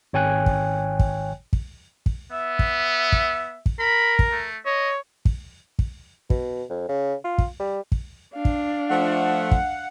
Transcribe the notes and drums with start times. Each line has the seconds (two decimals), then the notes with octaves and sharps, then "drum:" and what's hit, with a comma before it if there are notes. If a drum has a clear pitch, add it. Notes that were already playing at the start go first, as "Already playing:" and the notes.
0.13 G#1 C#5 G5 G#5 F#6
0.46 drum: kick
0.99 drum: kick
1.53 drum: kick
2.06 drum: kick
2.32 B3 E5
2.59 drum: kick
3.12 drum: kick
3.66 drum: kick
3.80 A#4 B5
4.19 drum: kick
4.32 A3
4.66 C#5 D#5
5.25 drum: kick
5.79 drum: kick
6.30 B2, drum: kick
6.70 F2
6.89 C#3
7.24 F4
7.38 drum: kick
7.60 G3
7.92 drum: kick
8.35 D4 F5
8.45 drum: kick
8.90 F3 A3 F#5
9.51 drum: kick